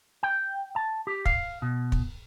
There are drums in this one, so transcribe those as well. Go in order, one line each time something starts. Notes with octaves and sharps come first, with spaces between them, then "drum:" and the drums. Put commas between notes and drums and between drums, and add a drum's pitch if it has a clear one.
G5
A5
G4
F5, drum: kick
B2
drum: kick